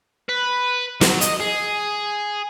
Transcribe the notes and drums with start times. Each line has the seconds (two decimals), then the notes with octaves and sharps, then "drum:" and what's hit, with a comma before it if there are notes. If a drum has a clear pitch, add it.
0.29 B4
1.01 F#3, drum: snare
1.21 D#5, drum: hi-hat
1.40 G#4